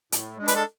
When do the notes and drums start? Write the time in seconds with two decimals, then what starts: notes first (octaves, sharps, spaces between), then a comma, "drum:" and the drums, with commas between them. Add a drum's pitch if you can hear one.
0.12 A2, drum: hi-hat
0.38 G#3 D4
0.48 B4, drum: hi-hat
0.56 A4